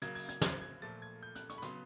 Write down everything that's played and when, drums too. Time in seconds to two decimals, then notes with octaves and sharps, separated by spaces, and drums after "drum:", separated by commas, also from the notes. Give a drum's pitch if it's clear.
0.02 C#3 F#3 A#3 G#6, drum: hi-hat
0.15 G#6, drum: open hi-hat
0.29 G#6, drum: hi-hat
0.41 G#6, drum: snare
0.62 G#6
0.82 A#2 F3 A3 A6
1.02 G#6
1.23 G6
1.35 F#6, drum: hi-hat
1.50 C#6, drum: hi-hat
1.58 B5
1.62 C#3 F#3 B3 C6, drum: hi-hat